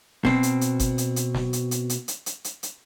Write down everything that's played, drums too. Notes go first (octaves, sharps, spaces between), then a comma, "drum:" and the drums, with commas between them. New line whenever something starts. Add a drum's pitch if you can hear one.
B2 C4, drum: snare
drum: hi-hat
drum: hi-hat
drum: kick G1, hi-hat
drum: hi-hat
drum: hi-hat
drum: snare
drum: hi-hat
drum: hi-hat
drum: hi-hat
drum: hi-hat
drum: hi-hat
drum: hi-hat
drum: hi-hat